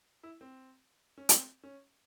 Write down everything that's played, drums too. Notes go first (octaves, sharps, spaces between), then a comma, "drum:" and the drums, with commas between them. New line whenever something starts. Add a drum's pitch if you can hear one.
E4
C4
C#4
C4, drum: hi-hat
C#4